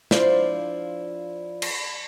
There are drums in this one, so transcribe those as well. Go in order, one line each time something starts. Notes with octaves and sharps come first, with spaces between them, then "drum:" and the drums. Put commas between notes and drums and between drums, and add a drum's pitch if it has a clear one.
F3 D4 E4 F4 C5 D5, drum: snare
drum: cymbal